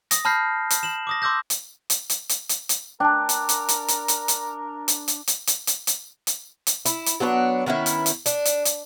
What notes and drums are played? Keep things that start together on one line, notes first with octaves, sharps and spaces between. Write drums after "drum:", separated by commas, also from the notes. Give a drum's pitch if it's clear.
D#6 A#6, drum: hi-hat
A5 B5 F6 G6 A#6 C7
drum: hi-hat
E7 F#7
D6 D#6 A#6
C6 D6 E6 G6 A#6
drum: hi-hat
drum: hi-hat
drum: hi-hat
drum: hi-hat
drum: hi-hat
drum: hi-hat
D4 A#4 G5 A5
drum: hi-hat
drum: hi-hat
drum: hi-hat
drum: hi-hat
drum: hi-hat
drum: hi-hat
drum: hi-hat
drum: hi-hat
drum: hi-hat
drum: hi-hat
drum: hi-hat
drum: hi-hat
drum: hi-hat
drum: hi-hat
E4, drum: hi-hat
drum: hi-hat
F#3 B3 D4 C#5
D#3 B3 C#4 E4
drum: hi-hat
drum: hi-hat
D4, drum: hi-hat
drum: hi-hat
drum: hi-hat